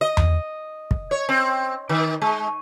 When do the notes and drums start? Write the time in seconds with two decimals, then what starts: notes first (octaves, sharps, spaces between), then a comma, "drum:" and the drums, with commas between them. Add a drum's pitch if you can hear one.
0.01 D#5
0.17 drum: tom E2
0.91 drum: kick
1.11 C#5
1.29 C4
1.89 D#3
2.22 G#3